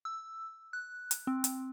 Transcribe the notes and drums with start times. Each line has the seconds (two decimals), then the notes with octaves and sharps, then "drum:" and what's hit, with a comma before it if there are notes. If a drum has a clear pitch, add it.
0.05 E6
0.73 F#6
1.11 drum: hi-hat
1.27 C4
1.44 drum: hi-hat